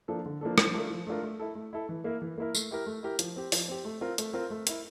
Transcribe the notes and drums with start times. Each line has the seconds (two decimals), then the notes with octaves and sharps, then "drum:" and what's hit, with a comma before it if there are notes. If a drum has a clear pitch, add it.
0.08 F3 A#3 D4 A4
0.26 D3
0.41 F3 A#3 D4 A4
0.58 F3, drum: rim click
0.74 A3 D4 F4 A#4
0.90 F3
1.07 A3 D4 F4 A#4
1.23 A3
1.39 E4 A4
1.55 A3
1.73 E4 A4
1.89 E3
2.04 A#3 E4 A#4
2.22 E3
2.38 A#3 E4 A#4
2.55 A3, drum: tambourine
2.71 E4 G4 A#4
2.86 A3
3.03 E4 G4 A#4
3.19 F3, drum: hi-hat
3.36 C4 G4
3.52 F3, drum: open hi-hat
3.68 C4 G4
3.85 A3
4.01 C4 F4 A#4
4.18 A3, drum: hi-hat
4.33 C4 F4 A#4
4.50 A3
4.67 E4 A#4, drum: hi-hat